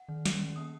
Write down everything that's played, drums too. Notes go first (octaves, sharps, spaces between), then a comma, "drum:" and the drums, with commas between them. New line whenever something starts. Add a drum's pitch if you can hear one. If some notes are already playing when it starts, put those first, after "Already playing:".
Already playing: F#5
D#3
C#4, drum: snare
D#3
A#3 D#6